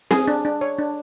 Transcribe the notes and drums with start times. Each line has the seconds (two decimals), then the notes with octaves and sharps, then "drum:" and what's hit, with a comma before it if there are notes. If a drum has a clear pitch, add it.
0.11 G#4, drum: snare C4
0.28 D4
0.45 D4
0.61 C#5
0.79 D4